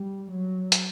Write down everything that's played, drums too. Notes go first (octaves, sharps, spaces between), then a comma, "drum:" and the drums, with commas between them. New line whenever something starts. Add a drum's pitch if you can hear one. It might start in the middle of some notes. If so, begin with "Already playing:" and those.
Already playing: G3
F#3
drum: hi-hat